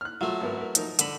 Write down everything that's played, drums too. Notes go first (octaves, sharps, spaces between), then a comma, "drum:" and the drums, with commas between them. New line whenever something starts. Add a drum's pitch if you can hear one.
F6 F#6
F#3 A3 F4
G#1 B3 A#4
A#4 B4
F3 D#4 A#4, drum: hi-hat
D3 B5, drum: hi-hat